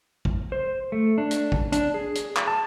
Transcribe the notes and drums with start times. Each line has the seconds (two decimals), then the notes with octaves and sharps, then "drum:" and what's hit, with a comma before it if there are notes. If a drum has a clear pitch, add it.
0.25 drum: kick
0.52 C5
0.92 A3
1.18 D4
1.31 drum: hi-hat
1.52 drum: kick
1.72 D4, drum: hi-hat
1.94 G#4
2.15 drum: hi-hat
2.36 drum: clap
2.48 A5